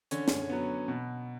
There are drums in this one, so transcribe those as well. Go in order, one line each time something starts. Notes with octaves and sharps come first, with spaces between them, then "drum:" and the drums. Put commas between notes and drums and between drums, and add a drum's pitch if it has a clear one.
D3 C#4 C#5, drum: hi-hat
drum: snare
F#3 B3
B2